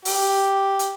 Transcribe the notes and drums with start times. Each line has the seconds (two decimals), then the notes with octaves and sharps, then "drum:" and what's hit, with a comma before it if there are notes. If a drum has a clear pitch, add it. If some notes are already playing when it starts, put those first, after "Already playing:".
0.05 G4, drum: open hi-hat
0.79 drum: hi-hat